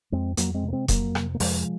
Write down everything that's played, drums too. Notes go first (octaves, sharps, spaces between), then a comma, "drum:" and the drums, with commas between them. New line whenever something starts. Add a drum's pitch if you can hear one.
F2 G#3 C4
F2 F#3 A#3, drum: hi-hat
G#3 C4
C3
A#3
G#3 C4
F2 F#3 A#3, drum: kick E1, hi-hat
C3, drum: rim click
A#3
F2 F3 G#3, drum: open hi-hat